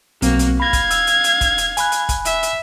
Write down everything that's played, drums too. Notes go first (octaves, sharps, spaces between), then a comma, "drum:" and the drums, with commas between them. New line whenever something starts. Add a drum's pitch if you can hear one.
B1 A#3 C4 F#4, drum: hi-hat
drum: hi-hat
F5 B5 G#6 A#6
drum: kick, hi-hat
E6, drum: hi-hat
drum: hi-hat
drum: hi-hat
drum: kick, hi-hat
drum: hi-hat
G#5 B5 F#6, drum: hi-hat
drum: hi-hat
drum: kick, hi-hat
E5, drum: hi-hat
drum: hi-hat